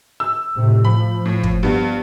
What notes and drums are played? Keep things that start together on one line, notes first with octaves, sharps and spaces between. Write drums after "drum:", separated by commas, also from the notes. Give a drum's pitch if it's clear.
E6
A2 C3
F3 B5
A2
drum: kick
G2 B3